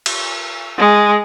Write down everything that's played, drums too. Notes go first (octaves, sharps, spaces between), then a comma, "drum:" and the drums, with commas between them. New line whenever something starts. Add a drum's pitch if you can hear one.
drum: cymbal
G#3